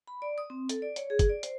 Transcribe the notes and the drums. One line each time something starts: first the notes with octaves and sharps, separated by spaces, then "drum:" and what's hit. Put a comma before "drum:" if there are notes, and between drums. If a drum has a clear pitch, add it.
B5
D5
D#6
C4
A4, drum: hi-hat
D5
C#5, drum: hi-hat
G#4
drum: kick, hi-hat
D5
C5, drum: hi-hat